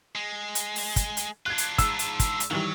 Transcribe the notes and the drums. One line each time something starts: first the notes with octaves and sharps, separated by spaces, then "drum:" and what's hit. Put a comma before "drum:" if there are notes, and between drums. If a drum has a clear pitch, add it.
G#3
drum: hi-hat
drum: open hi-hat
drum: kick, hi-hat
drum: hi-hat
D4 F4 F#6 G#6
drum: hi-hat
G#2 E6, drum: kick, hi-hat
drum: hi-hat
drum: kick, hi-hat
drum: hi-hat
D#3 E3 F#3 G3